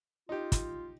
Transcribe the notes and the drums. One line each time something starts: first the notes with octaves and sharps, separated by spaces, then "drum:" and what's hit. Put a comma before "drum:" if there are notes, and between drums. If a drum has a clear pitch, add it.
D#4 F4 G4
drum: kick, hi-hat